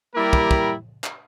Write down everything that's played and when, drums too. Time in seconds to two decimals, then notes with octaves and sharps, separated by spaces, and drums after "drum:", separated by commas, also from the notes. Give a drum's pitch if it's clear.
0.15 G3 A#3 E4 G4 A#4
0.33 drum: kick
0.51 drum: kick
1.04 drum: clap